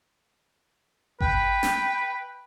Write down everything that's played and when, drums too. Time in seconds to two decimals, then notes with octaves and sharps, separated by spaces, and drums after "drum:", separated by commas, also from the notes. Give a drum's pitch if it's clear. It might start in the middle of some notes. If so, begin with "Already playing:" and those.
1.21 B4 G5, drum: kick G#1
1.63 drum: snare